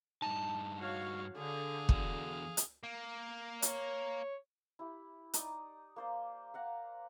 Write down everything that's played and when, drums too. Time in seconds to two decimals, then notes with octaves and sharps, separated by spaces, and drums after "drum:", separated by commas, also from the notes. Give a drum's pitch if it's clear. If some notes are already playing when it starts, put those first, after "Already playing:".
0.22 G2 D#4 A5
0.81 F#4 C#5 F5
1.37 D3 G#4 F5
1.89 E2 F#4, drum: kick
2.57 drum: hi-hat
2.83 A#3
3.62 C#5, drum: hi-hat
4.79 E4 G4
5.34 D#4 D5 D#6, drum: hi-hat
5.96 A#3 C5 D5
6.54 F5 F#5 A#5